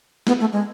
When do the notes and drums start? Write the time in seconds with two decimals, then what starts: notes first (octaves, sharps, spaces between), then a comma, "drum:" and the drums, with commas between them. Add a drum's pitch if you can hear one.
0.27 B3, drum: snare
0.40 A3
0.52 G#3